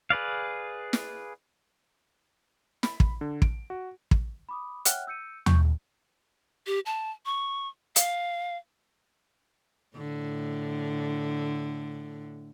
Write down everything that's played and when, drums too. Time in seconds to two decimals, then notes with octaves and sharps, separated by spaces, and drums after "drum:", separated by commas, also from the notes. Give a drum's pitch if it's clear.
0.10 G#4 B4 D5 F5
0.93 drum: snare
2.83 B5, drum: snare
3.00 drum: kick
3.21 D3
3.42 D7, drum: kick
3.70 F#4
4.11 drum: kick
4.49 B5 D6 D#6
4.85 C#5 E5 F#5 G5 F6 F#6, drum: hi-hat
5.07 E6 G6 C#7 D#7
5.46 C#6 G6, drum: tom
6.67 G4
6.86 A5
7.26 C#6
7.96 F5, drum: hi-hat
9.96 A2 D3